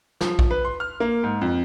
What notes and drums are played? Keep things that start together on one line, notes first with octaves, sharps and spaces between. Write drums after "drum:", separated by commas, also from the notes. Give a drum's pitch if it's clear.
F3, drum: snare
drum: kick A#1
B4
C6
F6
A#3
G#2
F2